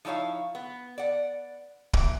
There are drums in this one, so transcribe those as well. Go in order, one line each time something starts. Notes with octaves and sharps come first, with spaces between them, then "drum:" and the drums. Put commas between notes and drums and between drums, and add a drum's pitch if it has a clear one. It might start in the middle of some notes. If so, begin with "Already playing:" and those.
F3 D#4 E4 C#5 F5
B3
D5 F#5
E3 A#3, drum: kick